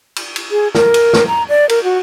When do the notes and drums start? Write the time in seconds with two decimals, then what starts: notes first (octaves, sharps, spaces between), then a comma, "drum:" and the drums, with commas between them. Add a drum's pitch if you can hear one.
0.16 drum: cymbal
0.36 drum: cymbal
0.51 G#4
0.75 A#4, drum: snare
0.94 drum: cymbal
1.13 drum: snare
1.28 A#5
1.49 D5
1.69 A#4, drum: cymbal
1.84 F#4